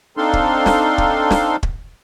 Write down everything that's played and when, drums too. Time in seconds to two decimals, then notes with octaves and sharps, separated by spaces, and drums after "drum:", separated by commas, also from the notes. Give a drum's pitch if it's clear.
0.17 C4 D4 D#4 A4 F5 C6
0.33 drum: kick
0.66 drum: snare
0.98 drum: kick
1.30 drum: snare
1.63 drum: kick